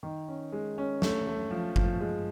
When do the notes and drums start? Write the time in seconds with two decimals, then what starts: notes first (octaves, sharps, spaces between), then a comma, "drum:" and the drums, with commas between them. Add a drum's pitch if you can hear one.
0.03 D#3
0.28 C#4
0.52 G#3
0.78 C#4
1.02 A3, drum: snare
1.27 A3
1.51 F3
1.76 F3, drum: kick G1
2.01 G#3